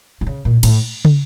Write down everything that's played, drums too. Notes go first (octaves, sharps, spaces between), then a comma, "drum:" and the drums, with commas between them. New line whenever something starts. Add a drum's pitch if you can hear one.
D3
C#3
A#2
A2, drum: cymbal
drum: tom